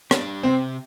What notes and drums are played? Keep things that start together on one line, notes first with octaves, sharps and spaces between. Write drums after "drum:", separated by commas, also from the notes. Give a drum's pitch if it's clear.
G3 D4, drum: rim click
C3 C4